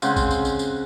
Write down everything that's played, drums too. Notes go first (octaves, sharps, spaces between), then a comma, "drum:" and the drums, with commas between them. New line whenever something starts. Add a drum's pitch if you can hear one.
C#3 G#3 C4 F#5, drum: tambourine
drum: kick A#1, tambourine
drum: tambourine
drum: tambourine
drum: tambourine